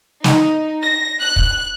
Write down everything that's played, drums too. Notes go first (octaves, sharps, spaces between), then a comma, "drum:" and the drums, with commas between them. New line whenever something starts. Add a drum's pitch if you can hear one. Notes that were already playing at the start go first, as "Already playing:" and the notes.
D#4, drum: snare
A#6
F#6
drum: kick